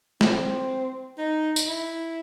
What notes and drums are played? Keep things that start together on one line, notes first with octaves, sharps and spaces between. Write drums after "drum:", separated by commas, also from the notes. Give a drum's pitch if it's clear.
C4, drum: snare
D#4
drum: tambourine
E4